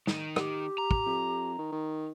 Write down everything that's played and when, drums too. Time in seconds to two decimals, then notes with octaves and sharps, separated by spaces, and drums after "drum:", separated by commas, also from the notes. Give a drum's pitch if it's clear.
0.07 D#3 D#4, drum: snare
0.36 G4, drum: rim click
0.78 A#5
0.91 drum: kick
1.06 F2
1.58 D#3
1.72 D#3